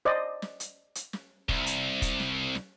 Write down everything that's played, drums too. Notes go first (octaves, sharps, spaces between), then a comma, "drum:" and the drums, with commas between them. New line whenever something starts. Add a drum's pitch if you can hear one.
C5 D5 D#5
drum: snare
drum: hi-hat
drum: hi-hat
drum: snare
C2, drum: kick
drum: hi-hat
drum: kick, hi-hat
drum: snare
drum: snare